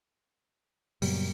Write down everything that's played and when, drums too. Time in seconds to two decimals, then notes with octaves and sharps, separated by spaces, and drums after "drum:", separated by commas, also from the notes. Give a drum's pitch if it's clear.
1.02 F#2 A#2 C#3 F#3 G3 B3, drum: open hi-hat